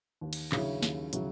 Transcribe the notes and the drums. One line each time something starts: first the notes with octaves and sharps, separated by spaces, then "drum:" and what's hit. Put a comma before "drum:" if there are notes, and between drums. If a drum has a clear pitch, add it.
D#2
drum: cymbal
C#3 F#3 C#4 E4, drum: clap
D#2, drum: snare
C#3 F#3 C#4 E4, drum: hi-hat